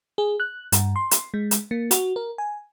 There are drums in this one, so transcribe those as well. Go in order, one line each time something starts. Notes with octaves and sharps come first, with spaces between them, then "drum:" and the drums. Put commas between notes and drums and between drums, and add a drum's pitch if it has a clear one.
G#4
F#6
G2, drum: hi-hat
C6
drum: hi-hat
G#3
drum: hi-hat
A#3
F#4, drum: hi-hat
A#4
G#5